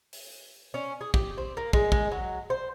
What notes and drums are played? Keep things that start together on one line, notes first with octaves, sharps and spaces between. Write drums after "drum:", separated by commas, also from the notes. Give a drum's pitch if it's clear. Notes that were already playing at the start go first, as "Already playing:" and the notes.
drum: open hi-hat
C#4
G#4
G4, drum: kick
C4
A#3
G#3, drum: kick
G#3, drum: kick
F#3
C5